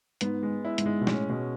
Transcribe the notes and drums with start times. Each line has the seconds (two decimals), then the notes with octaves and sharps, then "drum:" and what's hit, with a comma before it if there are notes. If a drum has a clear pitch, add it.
0.21 G#2 B3, drum: hi-hat
0.43 G#3
0.65 E4
0.78 G#2, drum: hi-hat
0.86 G#3
1.01 B2
1.07 A2 C#4, drum: snare
1.29 B2 G#3